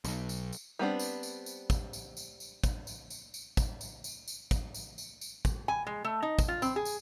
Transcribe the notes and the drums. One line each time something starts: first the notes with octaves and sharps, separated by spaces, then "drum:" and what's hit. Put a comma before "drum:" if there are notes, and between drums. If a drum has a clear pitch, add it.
B1, drum: tambourine
drum: tambourine
drum: tambourine
G3 B3 C4 D4
drum: tambourine
drum: tambourine
drum: tambourine
drum: kick, tambourine
drum: tambourine
drum: tambourine
drum: tambourine
drum: kick, tambourine
drum: tambourine
drum: tambourine
drum: tambourine
drum: kick, tambourine
drum: tambourine
drum: tambourine
drum: tambourine
drum: kick, tambourine
drum: tambourine
drum: tambourine
drum: tambourine
drum: kick, tambourine
G#5
G#3
A3
D#4
drum: kick, tambourine
F4
C4, drum: tambourine
G#4
drum: tambourine